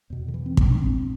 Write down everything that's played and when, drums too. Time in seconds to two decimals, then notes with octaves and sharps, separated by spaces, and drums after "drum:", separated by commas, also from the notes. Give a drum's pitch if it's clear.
0.10 E2 B2
0.28 D3
0.34 E3
0.46 C4
0.57 B3, drum: kick
0.70 D4
0.81 C4